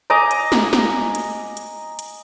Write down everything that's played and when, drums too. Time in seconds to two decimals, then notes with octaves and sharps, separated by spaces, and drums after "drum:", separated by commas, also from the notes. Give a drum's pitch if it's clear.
0.10 D#5 G#5 A#5 D6
0.31 drum: hi-hat
0.52 drum: snare
0.73 drum: snare
1.15 drum: hi-hat
1.57 drum: hi-hat
1.99 drum: hi-hat